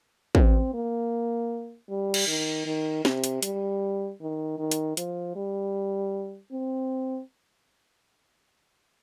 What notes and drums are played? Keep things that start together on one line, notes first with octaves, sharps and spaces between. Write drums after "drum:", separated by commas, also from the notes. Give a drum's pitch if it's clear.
C4, drum: kick
A#3
G3
drum: cymbal
D#3
D#3
C3, drum: snare
drum: hi-hat
G3, drum: hi-hat
D#3
D#3
drum: hi-hat
F3, drum: hi-hat
G3
C4